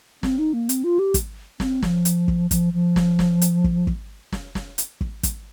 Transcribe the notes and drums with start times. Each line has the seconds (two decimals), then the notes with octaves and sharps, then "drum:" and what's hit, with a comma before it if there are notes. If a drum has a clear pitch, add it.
0.23 C4, drum: snare
0.39 D#4
0.54 A#3
0.69 C4, drum: hi-hat
0.84 F4
0.99 G4
1.14 drum: kick, hi-hat
1.60 C4, drum: snare
1.82 F3, drum: snare
2.05 drum: hi-hat
2.28 drum: kick
2.51 F3, drum: kick, hi-hat
2.73 F3
2.96 drum: snare
3.19 drum: snare
3.42 drum: hi-hat
3.64 drum: kick
3.87 drum: kick
4.32 drum: snare
4.55 drum: snare
4.78 drum: hi-hat
5.01 drum: kick
5.23 drum: kick, hi-hat